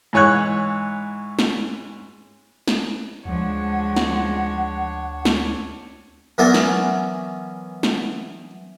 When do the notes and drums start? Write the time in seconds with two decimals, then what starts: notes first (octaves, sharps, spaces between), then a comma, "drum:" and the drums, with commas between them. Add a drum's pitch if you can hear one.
0.13 G#2 E3 C#5 C#6 F#6
1.39 drum: snare
2.68 drum: snare
3.25 D2 F3 G#3 D4 C#5 F#5
3.96 drum: snare
5.25 drum: snare
6.38 E3 F#3 B3 C#4 A#4 D5
6.54 drum: snare
7.83 drum: snare